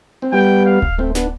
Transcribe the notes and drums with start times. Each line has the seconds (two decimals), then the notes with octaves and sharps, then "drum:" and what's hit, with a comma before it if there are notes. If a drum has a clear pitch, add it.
0.22 C4
0.32 G3 B3 G5
0.66 F5
0.82 drum: kick D1
0.98 A3 C4
1.15 B3 D4, drum: snare